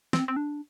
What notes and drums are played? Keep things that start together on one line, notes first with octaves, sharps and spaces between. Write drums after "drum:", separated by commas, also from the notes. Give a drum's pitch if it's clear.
C4, drum: snare
C4
D4